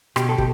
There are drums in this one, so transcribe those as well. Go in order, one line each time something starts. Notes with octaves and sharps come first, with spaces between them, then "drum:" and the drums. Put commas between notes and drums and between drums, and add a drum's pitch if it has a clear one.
B2 G4, drum: rim click
A4
B2 G4, drum: kick